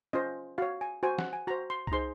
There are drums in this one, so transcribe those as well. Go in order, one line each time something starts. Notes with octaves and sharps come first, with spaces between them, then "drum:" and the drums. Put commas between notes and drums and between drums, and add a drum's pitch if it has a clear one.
C#4 F4 C5 D#5
F#4 C#5 F5
G#5
F#4 C5 G#5
F#5, drum: snare
G#5
F#4 C5 A#5
C6
A#5, drum: kick C2
D#4 G#4 C5 C6